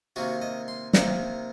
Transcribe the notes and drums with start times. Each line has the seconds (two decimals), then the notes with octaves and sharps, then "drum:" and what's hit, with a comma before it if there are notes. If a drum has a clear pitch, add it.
0.16 C3 D#3 A#3 F#4
0.42 D#5
0.68 C6
0.93 C3 D#3 A#3 A#5, drum: snare